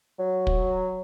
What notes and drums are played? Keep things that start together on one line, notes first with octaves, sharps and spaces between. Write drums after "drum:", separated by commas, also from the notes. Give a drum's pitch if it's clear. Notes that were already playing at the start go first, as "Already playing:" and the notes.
F#3
drum: kick